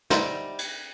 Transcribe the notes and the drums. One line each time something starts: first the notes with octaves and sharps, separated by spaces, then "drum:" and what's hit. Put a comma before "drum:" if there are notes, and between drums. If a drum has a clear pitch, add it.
G3 D#4 C5 E5 F#5, drum: snare
drum: cymbal